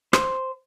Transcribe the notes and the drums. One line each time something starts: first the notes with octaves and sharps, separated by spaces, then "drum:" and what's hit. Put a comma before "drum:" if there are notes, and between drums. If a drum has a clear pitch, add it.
C5, drum: rim click